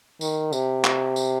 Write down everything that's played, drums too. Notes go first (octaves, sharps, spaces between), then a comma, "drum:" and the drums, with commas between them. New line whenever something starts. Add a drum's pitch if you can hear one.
D#3, drum: tambourine
C3, drum: tambourine
drum: clap
drum: tambourine